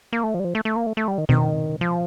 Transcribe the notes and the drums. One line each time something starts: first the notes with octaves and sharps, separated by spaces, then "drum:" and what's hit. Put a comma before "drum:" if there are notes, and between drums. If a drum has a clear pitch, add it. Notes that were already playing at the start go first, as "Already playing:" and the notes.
A#3
A3
F3
G3
F3
A3
A3
A#3
A3
A3
G3
D#3
D#3, drum: tom B2
F3